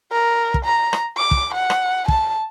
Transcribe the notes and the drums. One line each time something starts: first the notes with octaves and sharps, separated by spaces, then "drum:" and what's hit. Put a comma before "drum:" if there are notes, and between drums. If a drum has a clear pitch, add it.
A#4
drum: kick
A#5
drum: rim click
D6
drum: kick
F#5
drum: rim click
A5, drum: kick